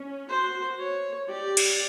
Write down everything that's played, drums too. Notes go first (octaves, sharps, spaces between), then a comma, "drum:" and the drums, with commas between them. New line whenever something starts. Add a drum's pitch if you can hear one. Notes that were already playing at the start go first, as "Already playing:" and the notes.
Already playing: C#4
F#4 C5
C#5
G4 D5
drum: cymbal